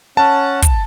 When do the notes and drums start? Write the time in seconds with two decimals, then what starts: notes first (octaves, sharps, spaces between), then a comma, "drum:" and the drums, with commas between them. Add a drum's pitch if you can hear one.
0.17 C#4 F#5 A5
0.62 drum: kick, hi-hat